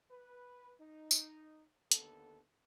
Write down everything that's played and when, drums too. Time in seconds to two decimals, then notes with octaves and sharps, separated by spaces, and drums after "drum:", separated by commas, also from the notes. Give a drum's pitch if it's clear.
0.11 B4
0.81 D#4
1.11 drum: tambourine
1.91 D#2 D3 B3 A4, drum: hi-hat